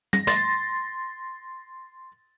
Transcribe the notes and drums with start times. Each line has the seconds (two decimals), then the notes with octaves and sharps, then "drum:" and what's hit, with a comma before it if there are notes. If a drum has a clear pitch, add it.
0.13 A#6, drum: tom
0.27 C6 A6, drum: snare